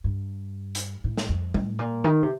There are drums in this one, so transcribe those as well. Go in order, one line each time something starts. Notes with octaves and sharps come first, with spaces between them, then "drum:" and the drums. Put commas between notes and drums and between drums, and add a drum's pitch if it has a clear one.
G2
drum: hi-hat
A2
drum: snare
F2
A2, drum: tom G3
A#2
D#3
C3